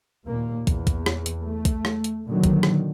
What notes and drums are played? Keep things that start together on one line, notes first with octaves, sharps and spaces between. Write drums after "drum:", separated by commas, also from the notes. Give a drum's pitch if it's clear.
D#2 A#2 A#3
E2, drum: kick, hi-hat
drum: kick, hi-hat
drum: rim click
drum: hi-hat
A3
drum: kick, hi-hat
drum: rim click
drum: hi-hat
A#2 D3 D#3 F#3
drum: kick, hi-hat
drum: rim click